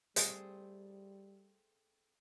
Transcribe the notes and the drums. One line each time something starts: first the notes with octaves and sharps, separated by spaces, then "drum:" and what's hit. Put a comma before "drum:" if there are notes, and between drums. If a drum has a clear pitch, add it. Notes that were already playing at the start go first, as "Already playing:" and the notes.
G3 A3 C4 G#4, drum: hi-hat